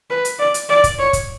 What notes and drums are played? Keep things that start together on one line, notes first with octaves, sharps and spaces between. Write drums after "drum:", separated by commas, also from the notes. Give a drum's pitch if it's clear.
B4
drum: hi-hat
D5
drum: hi-hat
D5
drum: kick, hi-hat
C#5
drum: kick, hi-hat